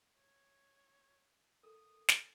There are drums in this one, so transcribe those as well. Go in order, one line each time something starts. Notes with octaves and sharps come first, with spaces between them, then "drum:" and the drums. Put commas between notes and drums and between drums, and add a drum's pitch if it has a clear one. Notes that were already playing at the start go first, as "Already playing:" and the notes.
C#5
A4 A#4 D#6
drum: snare